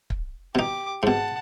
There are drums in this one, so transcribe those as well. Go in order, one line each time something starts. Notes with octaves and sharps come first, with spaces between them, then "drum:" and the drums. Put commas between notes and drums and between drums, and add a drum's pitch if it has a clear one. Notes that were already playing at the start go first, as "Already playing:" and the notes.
drum: kick
B2 D#4 G4 D6
G#2 B2 F#5 A5